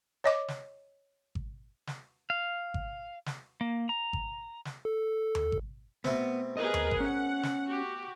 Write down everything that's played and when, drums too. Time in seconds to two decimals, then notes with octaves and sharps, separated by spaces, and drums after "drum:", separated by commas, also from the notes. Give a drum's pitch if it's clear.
0.24 C#5 D#5 D6
0.48 drum: snare
1.35 drum: kick G#1
1.87 drum: snare
2.30 F5
2.74 drum: kick G#1
3.26 drum: snare
3.61 A#3
3.89 A#5
4.13 drum: kick G#1
4.65 drum: snare
4.85 A4
5.35 drum: tom D#2
5.52 drum: kick G#1
6.04 B2 A3 B3 C4, drum: snare
6.57 G#4 A#4 B4 D#5
6.74 drum: tom D#2
6.91 drum: kick G#1
7.00 C#4 F#5
7.43 drum: snare
7.66 F#4 G4